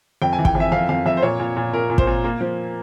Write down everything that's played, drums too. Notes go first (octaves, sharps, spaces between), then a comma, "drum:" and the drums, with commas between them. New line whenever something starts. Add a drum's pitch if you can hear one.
F2 G5
G#5
E3
G5, drum: kick
F2
E5
F2 F5
F2 F5
F2 E5
C5
A#2 C#5
A#2
A#2
A#2 A#4
A#2
C5, drum: kick
A#2
A#3
F3